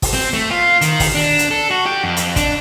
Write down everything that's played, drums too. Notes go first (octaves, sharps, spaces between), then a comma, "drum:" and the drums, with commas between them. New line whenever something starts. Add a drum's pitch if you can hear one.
drum: kick, open hi-hat
C4
A3
F4
D#3, drum: hi-hat
drum: kick, open hi-hat
D4
drum: hi-hat
A4
F#4
G4
F2
drum: hi-hat
D4, drum: kick, hi-hat